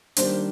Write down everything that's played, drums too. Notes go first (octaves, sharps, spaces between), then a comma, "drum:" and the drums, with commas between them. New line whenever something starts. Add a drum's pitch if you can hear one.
D#3 G3 A#3 D4 C5, drum: hi-hat